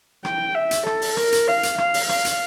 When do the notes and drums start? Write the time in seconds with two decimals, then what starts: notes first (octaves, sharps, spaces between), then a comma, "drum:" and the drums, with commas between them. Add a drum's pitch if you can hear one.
0.25 G5, drum: rim click
0.55 E5
0.71 drum: hi-hat
0.86 A4, drum: rim click
1.02 drum: open hi-hat
1.17 A#4, drum: rim click
1.32 drum: hi-hat
1.48 F5
1.63 drum: hi-hat
1.78 F5, drum: rim click
1.94 drum: open hi-hat
2.09 F5, drum: rim click
2.25 drum: hi-hat